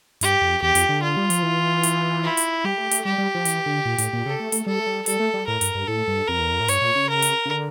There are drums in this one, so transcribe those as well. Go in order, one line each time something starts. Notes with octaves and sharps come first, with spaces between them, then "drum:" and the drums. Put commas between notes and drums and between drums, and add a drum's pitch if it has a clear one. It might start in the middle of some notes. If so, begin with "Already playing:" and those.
G2 G4, drum: hi-hat
F2
E2 G4
F2, drum: hi-hat
D3
F4
G3
F3, drum: hi-hat
E3
drum: hi-hat
E4
drum: hi-hat
G3 G4
A3
A3, drum: hi-hat
G3 G4
G3
F3
E3, drum: hi-hat
D3
A#2
A2, drum: hi-hat
A#2
C#3 A4
A3
A3, drum: hi-hat
G3 A4
A3
G3
G3 A4, drum: hi-hat
A3
G3
A2 A#4
G2, drum: hi-hat
G2
A2 A4
G2
F2 A#4
E2
F2
A2
G2 C#5, drum: hi-hat
A#2
C#3
A#4
drum: hi-hat
C#3
D3